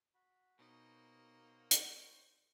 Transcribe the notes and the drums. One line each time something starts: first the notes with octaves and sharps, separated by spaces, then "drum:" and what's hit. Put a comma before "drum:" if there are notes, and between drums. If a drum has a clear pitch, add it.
F#4 B5
B2 A#3 D#4 C5 C#5 G5
drum: hi-hat